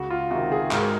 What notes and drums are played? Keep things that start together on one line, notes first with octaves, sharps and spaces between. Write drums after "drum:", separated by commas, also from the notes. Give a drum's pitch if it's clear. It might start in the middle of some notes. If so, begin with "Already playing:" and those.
Already playing: C#2 F#4
F4
C3 D#3 F#4
G#4
G#2 A#4, drum: clap